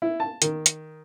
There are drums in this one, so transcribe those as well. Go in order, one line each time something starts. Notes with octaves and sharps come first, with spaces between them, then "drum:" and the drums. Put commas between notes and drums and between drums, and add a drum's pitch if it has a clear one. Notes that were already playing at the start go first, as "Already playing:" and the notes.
E4
A5
D#3, drum: hi-hat
drum: hi-hat